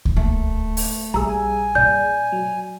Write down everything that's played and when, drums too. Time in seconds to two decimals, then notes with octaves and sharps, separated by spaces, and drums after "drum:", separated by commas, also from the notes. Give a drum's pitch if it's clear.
0.05 drum: kick C#2
0.16 D1 A3 A#3
0.77 drum: open hi-hat
1.14 A#1 G3 G#4 A#5 E6
1.28 G#5
1.75 A#2 D5 G6
2.32 F#3